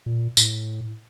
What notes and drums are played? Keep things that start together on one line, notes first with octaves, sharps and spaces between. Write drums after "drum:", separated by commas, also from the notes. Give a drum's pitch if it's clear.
A#2
A2, drum: tambourine